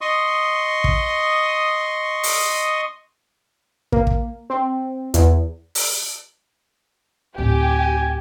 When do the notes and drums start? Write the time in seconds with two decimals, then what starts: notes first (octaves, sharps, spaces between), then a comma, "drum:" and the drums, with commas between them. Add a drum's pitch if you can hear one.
0.01 D#5 C6 C#6 D#6
0.84 drum: kick
2.23 drum: open hi-hat
3.92 A#3, drum: kick
4.07 drum: kick
4.50 C4
5.14 E2, drum: hi-hat
5.75 drum: open hi-hat
7.38 D2 A2 C4 G4 G#5